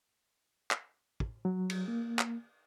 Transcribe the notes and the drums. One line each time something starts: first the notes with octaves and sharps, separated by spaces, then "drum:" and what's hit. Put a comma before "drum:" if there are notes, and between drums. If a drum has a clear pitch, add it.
drum: clap
drum: kick
F#3
drum: cymbal
A#3
drum: clap